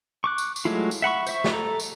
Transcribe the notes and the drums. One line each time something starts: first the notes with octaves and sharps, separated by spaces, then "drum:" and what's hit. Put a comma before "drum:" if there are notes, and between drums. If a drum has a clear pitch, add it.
C#6 D6 F#6
drum: tambourine
drum: tambourine
F#3 G#3 A3 E4 F4
drum: tambourine
E5 F#5 B5 C#6
C5 E5 C#6, drum: tambourine
drum: snare
A4 A#5
drum: tambourine